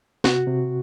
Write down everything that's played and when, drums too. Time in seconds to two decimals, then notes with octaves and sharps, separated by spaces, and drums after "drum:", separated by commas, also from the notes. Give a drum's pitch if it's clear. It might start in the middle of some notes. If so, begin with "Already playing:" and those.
0.24 C3 F#4, drum: snare
0.47 C3